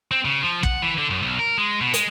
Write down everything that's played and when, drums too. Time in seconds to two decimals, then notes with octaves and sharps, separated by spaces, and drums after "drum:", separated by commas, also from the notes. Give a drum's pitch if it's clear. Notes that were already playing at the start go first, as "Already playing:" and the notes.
0.11 C4
0.25 C#3
0.42 F3
0.63 F#5, drum: kick
0.82 E3
0.98 D3
1.10 F#2
1.23 B1
1.39 A#4
1.57 G#3
1.81 B2
1.94 G#3, drum: hi-hat